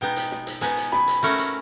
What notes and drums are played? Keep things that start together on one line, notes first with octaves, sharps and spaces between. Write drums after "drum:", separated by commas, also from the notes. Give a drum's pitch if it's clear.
B2 G#3 B3 D#4 G5
drum: hi-hat
drum: snare
drum: hi-hat
B2 G#3 B3 D#4 G#5, drum: hi-hat
drum: hi-hat
B5, drum: snare
drum: hi-hat
A3 C#4 F#4 A#4, drum: hi-hat
drum: hi-hat